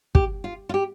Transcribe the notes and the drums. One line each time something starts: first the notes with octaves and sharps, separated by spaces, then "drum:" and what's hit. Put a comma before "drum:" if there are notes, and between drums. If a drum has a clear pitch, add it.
G4, drum: kick
F4
F4
G4